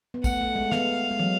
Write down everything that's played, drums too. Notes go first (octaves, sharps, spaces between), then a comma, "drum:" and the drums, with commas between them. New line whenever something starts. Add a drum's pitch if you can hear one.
B3
A3 F#5, drum: kick, tambourine
A3
G#3
B3 F5, drum: snare
G#3
F#3, drum: tom